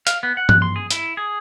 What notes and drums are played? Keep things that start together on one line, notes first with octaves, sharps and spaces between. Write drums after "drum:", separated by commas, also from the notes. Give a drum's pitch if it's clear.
F5, drum: hi-hat
B3
F#5
F#6, drum: tom G2
C6
G#4
E4, drum: hi-hat
G#4